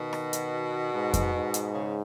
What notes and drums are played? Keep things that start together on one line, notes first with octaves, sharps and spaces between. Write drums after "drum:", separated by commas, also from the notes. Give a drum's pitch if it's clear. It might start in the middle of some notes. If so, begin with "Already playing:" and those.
Already playing: B2 D#3
drum: rim click
drum: hi-hat
G#2
drum: kick F2, hi-hat
G#2
drum: hi-hat
C#3